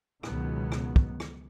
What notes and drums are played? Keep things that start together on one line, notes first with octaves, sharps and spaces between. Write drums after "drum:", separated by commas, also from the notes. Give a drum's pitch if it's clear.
C#2 B2 D#3 F#3 B3, drum: rim click
drum: rim click
drum: kick
drum: rim click